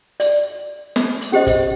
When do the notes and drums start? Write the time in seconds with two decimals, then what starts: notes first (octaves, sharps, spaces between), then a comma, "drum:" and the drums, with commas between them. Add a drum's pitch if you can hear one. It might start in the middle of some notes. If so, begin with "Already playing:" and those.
0.20 D5, drum: hi-hat
0.96 drum: snare
1.21 drum: hi-hat
1.32 C#4 G4 C5 D#5
1.47 drum: kick, hi-hat